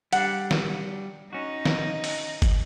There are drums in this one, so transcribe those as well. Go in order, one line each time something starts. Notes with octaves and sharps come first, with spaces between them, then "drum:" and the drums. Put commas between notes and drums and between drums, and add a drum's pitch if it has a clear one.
G3 D4 F#5, drum: hi-hat
drum: snare
C#4 D#4 F#4
drum: snare
drum: open hi-hat
drum: kick, hi-hat